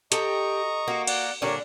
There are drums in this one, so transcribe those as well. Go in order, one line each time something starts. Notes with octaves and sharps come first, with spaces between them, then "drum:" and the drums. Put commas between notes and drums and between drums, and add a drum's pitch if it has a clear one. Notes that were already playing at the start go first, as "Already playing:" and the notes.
G4 A4 D#5 A#5 C#6, drum: hi-hat
A#3 F#4
D5 F#5, drum: cymbal
A#2 D3 G3 D4 A#4 C#5